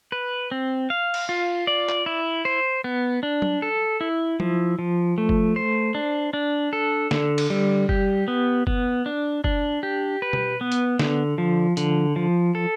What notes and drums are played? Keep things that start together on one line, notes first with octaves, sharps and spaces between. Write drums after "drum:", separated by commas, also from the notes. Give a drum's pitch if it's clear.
B4
C4
F5
drum: cymbal
F4
D5
drum: clap
E4
C5
B3
D4
drum: tom F#3
A4
E4
F3, drum: tom F#3
F3
A3
drum: kick F#1
C5
D4
D4
A4
D3, drum: snare
drum: cymbal
G3
G4, drum: kick F#1
B3
B3, drum: kick F#1
D4
D4, drum: kick F#1
G4
B4
drum: tom B2
B3
drum: hi-hat
D3, drum: snare
F3
D3, drum: hi-hat
F3
A4